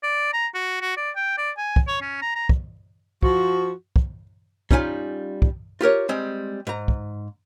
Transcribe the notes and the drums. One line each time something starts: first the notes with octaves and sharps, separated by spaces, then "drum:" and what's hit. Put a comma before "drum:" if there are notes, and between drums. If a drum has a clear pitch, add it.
D5
A#5
F#4
F#4
D5
G5
D5
G#5
drum: kick
C#5
C#4
A#5
A#5
drum: kick
F3 F#4, drum: kick
drum: kick
G3 C#4 D#4 F4 G#5, drum: kick
drum: kick
F4 G4 A#4 C#5
G3 G#3 C4
G#2 A#5
drum: kick